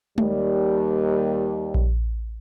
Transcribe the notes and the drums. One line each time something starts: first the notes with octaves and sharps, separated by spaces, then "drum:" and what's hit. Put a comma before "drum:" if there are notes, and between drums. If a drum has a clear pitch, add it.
D#2 G3, drum: tom G#3
drum: kick A#1